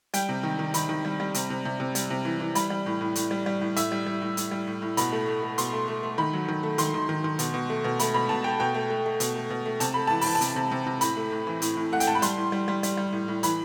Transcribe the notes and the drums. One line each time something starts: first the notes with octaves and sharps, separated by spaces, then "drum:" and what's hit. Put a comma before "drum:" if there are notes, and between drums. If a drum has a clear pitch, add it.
G3 G5, drum: hi-hat
C3
D#3
D#3
D#3 B5, drum: hi-hat
D#3
G3
G3
C3, drum: hi-hat
C3
C3
C3
G3, drum: hi-hat
C3
E3
E3
G3 B5, drum: hi-hat
G3
A2
A2
A2, drum: hi-hat
G3
G3
A2
A2 E5, drum: hi-hat
G3
G3
A2
A2, drum: hi-hat
G3
A2
A2
B2 B5, drum: hi-hat
A3
A3
A3
B2 C6, drum: hi-hat
A3
A3
A3
D#3 B5
F#3
D#3
A3
D#3 C6, drum: hi-hat
D#3
D#3
D#3
B2, drum: hi-hat
B2
A3
B2
A3 B5, drum: hi-hat
B2 B5
B2 A5
A3 G5
B2 G5
A3
A3
A3
B2, drum: hi-hat
A3
B2
A3
C3 A5, drum: hi-hat
A3 B5
E3 A5
E3 B5, drum: open hi-hat
A5
C3, drum: hi-hat
C3
C3
C3
A2 B5, drum: hi-hat
A3
A2
E3
A2, drum: hi-hat
A2
A3 F#5
G5, drum: hi-hat
A2 A5
B5
G3 C6, drum: hi-hat
A2
G3
G3
G3, drum: hi-hat
G3
A2
A2
E3 B5, drum: hi-hat